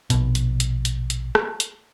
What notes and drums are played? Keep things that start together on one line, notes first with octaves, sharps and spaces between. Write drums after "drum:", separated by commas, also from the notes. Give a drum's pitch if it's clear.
A#1 B2, drum: hi-hat
drum: hi-hat
drum: hi-hat
drum: hi-hat
drum: hi-hat
drum: rim click
drum: hi-hat